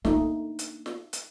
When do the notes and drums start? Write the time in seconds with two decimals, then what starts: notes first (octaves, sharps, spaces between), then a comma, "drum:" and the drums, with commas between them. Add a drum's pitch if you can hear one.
0.05 A3 A#3 D4 D#4, drum: snare
0.59 drum: hi-hat
0.86 drum: snare
1.13 drum: hi-hat